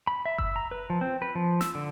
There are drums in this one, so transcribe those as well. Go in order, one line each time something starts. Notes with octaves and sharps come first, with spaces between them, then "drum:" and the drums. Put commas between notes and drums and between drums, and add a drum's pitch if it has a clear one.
B5
E5
E6, drum: kick F#1
A#5
B4
F3
C4
B4
F3
E6, drum: snare
D3